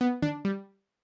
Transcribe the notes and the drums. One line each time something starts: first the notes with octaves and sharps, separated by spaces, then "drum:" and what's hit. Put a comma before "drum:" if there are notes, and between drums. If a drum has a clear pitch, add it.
B3
D4, drum: tom D3
G3